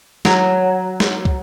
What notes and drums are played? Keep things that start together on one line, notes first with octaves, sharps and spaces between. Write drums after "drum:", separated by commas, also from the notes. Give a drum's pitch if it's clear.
F#3, drum: snare
drum: snare
drum: kick